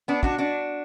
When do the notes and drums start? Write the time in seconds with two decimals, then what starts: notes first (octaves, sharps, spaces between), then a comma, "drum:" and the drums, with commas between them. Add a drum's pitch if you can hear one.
0.08 B3 D4
0.23 D4 F#4, drum: kick
0.38 D4 F#4